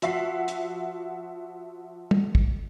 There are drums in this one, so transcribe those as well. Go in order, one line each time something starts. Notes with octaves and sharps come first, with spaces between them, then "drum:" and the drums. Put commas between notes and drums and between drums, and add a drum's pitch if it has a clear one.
F3 F#4 E5 F#5 B6 C7, drum: hi-hat
drum: hi-hat
drum: tom
drum: kick